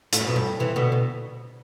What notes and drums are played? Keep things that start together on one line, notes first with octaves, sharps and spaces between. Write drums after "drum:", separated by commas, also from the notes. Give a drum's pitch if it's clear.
A2, drum: hi-hat
F#2
B2
G2
C3 E3
B2 D3
B2